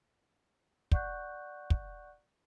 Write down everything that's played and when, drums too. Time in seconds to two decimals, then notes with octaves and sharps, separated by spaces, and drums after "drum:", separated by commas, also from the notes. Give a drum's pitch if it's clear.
0.92 D5 F#5 C#6 F#6 G6, drum: kick
1.70 drum: kick